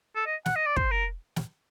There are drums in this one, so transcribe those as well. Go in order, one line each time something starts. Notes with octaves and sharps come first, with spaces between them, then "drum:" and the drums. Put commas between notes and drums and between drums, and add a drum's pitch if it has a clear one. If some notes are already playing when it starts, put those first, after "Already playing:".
A4
D#5
F#5, drum: snare
D#5
D5
C5, drum: kick
A#4
drum: snare